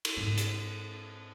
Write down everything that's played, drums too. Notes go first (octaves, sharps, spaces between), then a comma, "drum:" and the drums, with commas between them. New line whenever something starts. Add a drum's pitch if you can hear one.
drum: cymbal
G#2 C4
drum: hi-hat